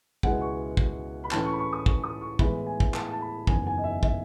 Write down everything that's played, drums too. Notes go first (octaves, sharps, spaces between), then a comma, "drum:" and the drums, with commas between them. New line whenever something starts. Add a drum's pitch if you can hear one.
C#2 B2 G#3 B3 E4 F#5, drum: kick
C#6
drum: kick
B5
A2 E3 A3 C#4 A5, drum: clap
C#6
B5
C#6
D#6
C#6, drum: kick
D#6
C#6
A2 E3 G#3 B3 E4 B5, drum: kick
G#5
drum: kick
A5, drum: clap
A5
B5
F#1 E2 D#3 G#5, drum: kick
G#5
D#5
E5
E5, drum: kick